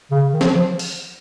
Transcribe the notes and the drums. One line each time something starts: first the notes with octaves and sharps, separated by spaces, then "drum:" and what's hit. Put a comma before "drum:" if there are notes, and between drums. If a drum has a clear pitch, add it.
C#3
D#3
F3, drum: snare
F3
drum: open hi-hat